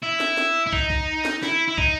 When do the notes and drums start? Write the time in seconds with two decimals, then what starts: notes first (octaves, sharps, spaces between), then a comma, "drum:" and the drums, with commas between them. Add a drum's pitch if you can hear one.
0.03 E4
0.20 drum: snare
0.37 drum: snare
0.67 E4
0.73 D#4, drum: kick
0.90 drum: kick
1.25 drum: snare
1.43 E4, drum: snare
1.68 E4
1.78 D#4, drum: kick